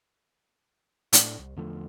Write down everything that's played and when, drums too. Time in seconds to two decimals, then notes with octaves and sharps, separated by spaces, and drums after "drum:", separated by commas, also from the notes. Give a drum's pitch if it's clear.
1.13 A2 A3 D4, drum: hi-hat
1.39 C2
1.56 E2 D3 F3 A3